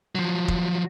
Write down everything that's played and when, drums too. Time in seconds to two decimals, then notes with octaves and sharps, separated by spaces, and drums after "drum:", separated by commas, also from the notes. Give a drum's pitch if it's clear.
0.15 F3 F#3
0.48 drum: kick F1